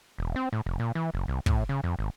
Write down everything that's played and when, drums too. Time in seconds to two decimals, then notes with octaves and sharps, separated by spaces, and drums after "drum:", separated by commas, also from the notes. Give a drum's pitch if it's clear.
0.18 E1
0.36 C4
0.53 A2
0.66 F1
0.80 A#2
0.95 E3
1.14 F#1
1.28 C2
1.46 A2, drum: kick
1.69 C#3
1.84 F2
1.99 G#1